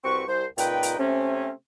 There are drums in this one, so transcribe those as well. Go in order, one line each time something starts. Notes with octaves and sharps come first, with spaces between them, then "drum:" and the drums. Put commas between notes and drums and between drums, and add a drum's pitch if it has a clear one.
C2 C4 F#4 B4 C#6
C2 C5
C#2 A#2 D#4 B4 G5, drum: hi-hat
drum: hi-hat
C3 A3 C4 C#4